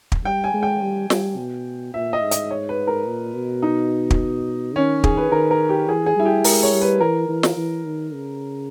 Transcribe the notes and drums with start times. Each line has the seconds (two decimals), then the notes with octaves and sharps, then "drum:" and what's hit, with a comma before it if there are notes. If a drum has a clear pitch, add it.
0.12 drum: kick
0.25 G3 G5
0.44 G#5
0.54 G#3
0.63 G5
0.81 G3
1.10 G3, drum: snare
1.37 B2
1.94 A#2 E5
2.13 D#5
2.22 G#2
2.31 D#5, drum: hi-hat
2.51 C#5
2.69 B4
2.87 A#4
3.06 A#2
3.35 B2
3.62 D#4
4.10 drum: kick
4.75 D#3 C#4
5.04 G#4, drum: kick
5.17 B4
5.31 D#3 A#4
5.51 A#4
5.69 G4
5.88 E3 G#4
6.06 G#4
6.16 G3 E4
6.25 G4
6.44 G#3 A#4, drum: open hi-hat
6.63 C#5
6.73 G3
6.82 B4
7.00 E3 A#4
7.29 E3
7.43 drum: snare
7.57 E3
7.85 D#3
8.14 C#3